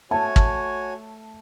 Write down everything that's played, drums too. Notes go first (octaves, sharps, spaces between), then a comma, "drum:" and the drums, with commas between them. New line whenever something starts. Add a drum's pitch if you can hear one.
A3 F#4 C#5 G#5 A5
drum: kick